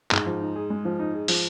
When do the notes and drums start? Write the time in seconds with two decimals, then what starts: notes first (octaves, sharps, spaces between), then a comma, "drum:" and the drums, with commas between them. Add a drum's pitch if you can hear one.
0.11 G#2 G#3, drum: clap
0.26 F3
0.41 D#4
0.56 G#4
0.70 G#3
0.85 F3
0.99 D#4
1.13 G#4
1.28 F3, drum: open hi-hat